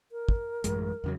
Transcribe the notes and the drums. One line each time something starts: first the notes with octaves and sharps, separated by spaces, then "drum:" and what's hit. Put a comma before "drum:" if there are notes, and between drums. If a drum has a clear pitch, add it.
A#4
drum: kick
A1 F#2 G#3, drum: hi-hat
E2 C#3 F#3